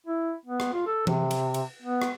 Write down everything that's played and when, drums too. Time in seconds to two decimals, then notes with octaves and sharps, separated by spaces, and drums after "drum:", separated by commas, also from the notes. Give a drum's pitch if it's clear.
0.07 E4
0.46 B3
0.60 drum: rim click
0.73 F4
0.87 A4
1.07 C3, drum: tom E3
1.31 drum: cymbal
1.54 drum: cymbal
1.82 B3
2.02 drum: rim click